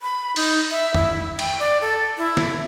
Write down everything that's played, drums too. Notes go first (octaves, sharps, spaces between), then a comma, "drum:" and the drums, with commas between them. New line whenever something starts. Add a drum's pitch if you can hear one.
B5
D#4, drum: open hi-hat
E5
E4, drum: tom F2
G5, drum: cymbal
D5
A4
E4
drum: snare